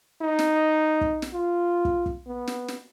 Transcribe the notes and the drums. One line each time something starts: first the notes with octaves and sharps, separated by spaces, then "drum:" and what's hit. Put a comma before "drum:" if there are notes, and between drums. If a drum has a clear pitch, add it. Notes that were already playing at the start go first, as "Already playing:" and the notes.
D#4
drum: snare
drum: kick
drum: snare
F4
drum: kick
drum: kick
B3
drum: snare
drum: snare